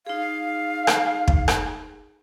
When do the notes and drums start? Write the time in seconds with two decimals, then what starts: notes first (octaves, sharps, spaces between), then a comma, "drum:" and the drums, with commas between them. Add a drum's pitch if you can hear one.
0.07 D#4 G#4 F5
0.87 drum: rim click
1.28 drum: kick
1.48 drum: rim click